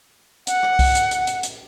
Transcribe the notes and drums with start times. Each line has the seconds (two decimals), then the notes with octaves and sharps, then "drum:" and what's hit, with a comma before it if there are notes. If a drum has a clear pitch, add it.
0.47 F#5, drum: hi-hat
0.63 drum: rim click
0.79 drum: kick C2, open hi-hat
0.95 drum: hi-hat
1.11 drum: hi-hat
1.27 drum: hi-hat
1.43 drum: hi-hat